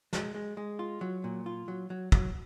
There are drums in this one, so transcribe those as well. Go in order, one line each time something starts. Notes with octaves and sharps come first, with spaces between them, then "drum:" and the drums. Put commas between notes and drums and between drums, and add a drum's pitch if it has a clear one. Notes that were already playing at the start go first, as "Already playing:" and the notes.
G#3, drum: snare
G#3
G#3
F4
F#3
A#2
F4
F#3
F#3
F#3, drum: kick